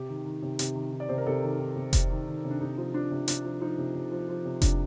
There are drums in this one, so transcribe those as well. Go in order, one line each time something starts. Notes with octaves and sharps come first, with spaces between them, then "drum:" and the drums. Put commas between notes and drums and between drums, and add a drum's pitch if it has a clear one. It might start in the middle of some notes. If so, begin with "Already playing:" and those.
Already playing: C3 G4
D#3
D#3
C3
C3, drum: hi-hat
D#3
D#3
D5
C3 C5
A#4
C3 A4
D#3
D#3
C3
C3, drum: kick F1, hi-hat
D#3
D#3
C3
D4
C3 D#4
F3
F3 D4
C3
C3 D4, drum: hi-hat
F3
F3 D#4
C3
C3
F3
F3
C3
C3 D4, drum: kick F1, hi-hat